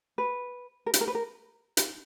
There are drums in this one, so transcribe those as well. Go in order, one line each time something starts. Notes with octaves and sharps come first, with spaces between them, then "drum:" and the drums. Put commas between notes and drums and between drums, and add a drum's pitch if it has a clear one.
B4
A#4
B4, drum: hi-hat
A#4
B4
A#4
drum: hi-hat